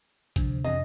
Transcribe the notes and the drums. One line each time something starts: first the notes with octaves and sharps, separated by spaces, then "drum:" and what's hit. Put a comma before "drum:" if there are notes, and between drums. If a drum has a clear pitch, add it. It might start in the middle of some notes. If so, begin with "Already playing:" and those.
D2 C3 F3 D4, drum: kick A1, hi-hat
F2 E3 C4 D#5